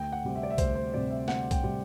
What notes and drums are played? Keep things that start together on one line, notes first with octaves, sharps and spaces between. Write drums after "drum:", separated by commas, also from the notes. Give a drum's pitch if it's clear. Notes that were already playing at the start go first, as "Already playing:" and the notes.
Already playing: D2 G5
F#5
C3 G3 C4
E5
D5
E5
D2 C5, drum: kick B1, hi-hat
C5
C3 G3 C4 D5
E5
D2 F#5, drum: snare
G5, drum: kick B1, hi-hat
C3 G3 C4